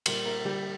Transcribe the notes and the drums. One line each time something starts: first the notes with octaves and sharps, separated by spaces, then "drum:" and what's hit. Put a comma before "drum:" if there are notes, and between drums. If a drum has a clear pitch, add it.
A#2 G3 A#3 A#4, drum: cymbal
A#3 A#4
G3 G4